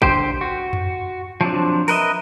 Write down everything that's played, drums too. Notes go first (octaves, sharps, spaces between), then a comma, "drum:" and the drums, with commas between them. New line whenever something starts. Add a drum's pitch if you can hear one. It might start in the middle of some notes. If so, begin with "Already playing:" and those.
D3 G4 C5, drum: kick
F#4
drum: tom F2
F3 F#3 C4 D4
A#4 B4 D#5 E5, drum: open hi-hat